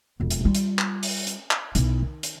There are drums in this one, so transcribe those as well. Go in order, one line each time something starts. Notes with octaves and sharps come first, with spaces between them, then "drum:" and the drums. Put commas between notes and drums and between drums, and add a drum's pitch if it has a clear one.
E1 F2
drum: hi-hat
G3 F4
drum: hi-hat
drum: clap
drum: open hi-hat
drum: hi-hat
drum: clap
B1 E4, drum: hi-hat
D#3
drum: hi-hat